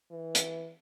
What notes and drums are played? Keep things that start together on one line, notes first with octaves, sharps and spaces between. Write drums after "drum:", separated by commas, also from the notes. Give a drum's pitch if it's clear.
E3
drum: hi-hat